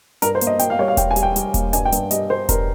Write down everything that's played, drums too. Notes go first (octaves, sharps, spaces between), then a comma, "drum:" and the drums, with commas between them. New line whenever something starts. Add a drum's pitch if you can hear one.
G2 A#4, drum: hi-hat
C5
A#3, drum: hi-hat
D#5
A#3 G5, drum: hi-hat
F5
G3 C#5
F5
G3 G5, drum: kick E1, hi-hat
G#5
G3, drum: hi-hat
G5
G3, drum: hi-hat
A#3, drum: kick E1, hi-hat
G2 G#5, drum: hi-hat
G5
G2, drum: hi-hat
G3 D#5, drum: hi-hat
G3 C5
G2 A#4, drum: kick E1, hi-hat